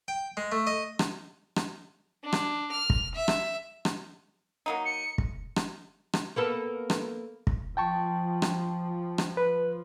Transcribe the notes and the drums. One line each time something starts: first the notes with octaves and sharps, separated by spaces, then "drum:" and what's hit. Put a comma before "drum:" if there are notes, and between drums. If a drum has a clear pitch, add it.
G5
G#3
A3
D#5
drum: rim click
drum: rim click
D4
drum: rim click
F6
drum: kick
E5
drum: rim click
drum: rim click
F#3 A#3 D#4
C#7
drum: kick
drum: rim click
drum: rim click
A#3 B3 A4
drum: rim click
drum: kick
F3 G5 A5 C#6
drum: rim click
drum: rim click
B4